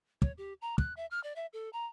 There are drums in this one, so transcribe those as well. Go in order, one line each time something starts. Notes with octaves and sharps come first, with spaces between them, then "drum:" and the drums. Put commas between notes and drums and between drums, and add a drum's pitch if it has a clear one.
C#5, drum: kick
G4
A#5
F#6, drum: kick
E5
F6
D5
E5
A4
A#5